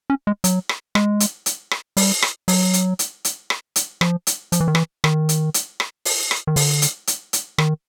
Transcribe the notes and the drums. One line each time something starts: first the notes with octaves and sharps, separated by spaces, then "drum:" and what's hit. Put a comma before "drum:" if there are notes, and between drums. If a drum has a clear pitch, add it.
C#4
G#3
F#3, drum: hi-hat
drum: rim click
G#3, drum: rim click
drum: hi-hat
drum: hi-hat
drum: rim click
G3, drum: open hi-hat
drum: rim click
F#3, drum: open hi-hat
drum: hi-hat
drum: hi-hat
drum: hi-hat
drum: rim click
drum: hi-hat
F3, drum: rim click
drum: hi-hat
F3, drum: hi-hat
E3
D#3
E3, drum: rim click
D#3, drum: rim click
drum: hi-hat
drum: hi-hat
drum: rim click
drum: open hi-hat
drum: rim click
D#3
D3, drum: open hi-hat
drum: hi-hat
drum: hi-hat
drum: hi-hat
D#3, drum: rim click